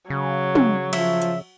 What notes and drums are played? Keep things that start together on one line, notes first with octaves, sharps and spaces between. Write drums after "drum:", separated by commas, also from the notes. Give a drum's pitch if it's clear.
C#3 F#3
drum: tom
F3 E5, drum: cymbal
drum: hi-hat